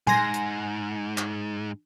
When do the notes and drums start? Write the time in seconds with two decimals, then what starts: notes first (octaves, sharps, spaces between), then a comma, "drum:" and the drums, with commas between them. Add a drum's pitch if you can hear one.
0.07 D#2 G#2 G#5 C6 A#6, drum: tom A#2
0.34 drum: hi-hat
1.18 drum: clap